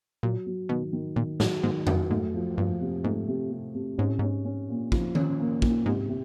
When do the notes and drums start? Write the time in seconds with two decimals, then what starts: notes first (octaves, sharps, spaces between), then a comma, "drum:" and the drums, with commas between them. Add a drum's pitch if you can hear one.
0.23 A#2 F#3
0.46 F#3
0.69 B2 D#3
0.93 D#3
1.16 A#2 D#3
1.40 A2 F#3, drum: snare
1.64 G#2 D#3
1.87 G2 F#3, drum: tom F2
2.10 G#2 A3
2.34 F3
2.57 G2 F3
2.81 C3
3.04 G#2 A3
3.28 C3
3.51 C3
3.75 C3
3.98 G#2 C#4
4.09 A2
4.19 G#2 C#4
4.45 C#4
4.69 A#2
4.92 F3, drum: kick
5.15 C#4, drum: tom D#3
5.40 A#3
5.62 A#2, drum: kick
5.86 G#2 C3
6.09 C3